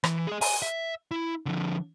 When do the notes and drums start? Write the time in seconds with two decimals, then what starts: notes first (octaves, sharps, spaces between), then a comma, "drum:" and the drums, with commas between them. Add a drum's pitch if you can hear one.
0.04 E3, drum: rim click
0.27 G#4 D#5
0.41 G#5, drum: open hi-hat
0.62 E5
1.11 E4
1.46 D3 F3